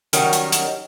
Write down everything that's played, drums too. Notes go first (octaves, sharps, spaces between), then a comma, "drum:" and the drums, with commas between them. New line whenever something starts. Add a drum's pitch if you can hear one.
D#3 F#3 G3 C#4, drum: hi-hat
drum: hi-hat
drum: hi-hat